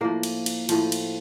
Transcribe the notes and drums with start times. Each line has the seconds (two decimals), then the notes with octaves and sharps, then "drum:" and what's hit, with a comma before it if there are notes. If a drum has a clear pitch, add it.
0.01 A2 F3 A#3
0.23 drum: cymbal
0.46 drum: cymbal
0.69 A2 F3, drum: cymbal
0.92 drum: cymbal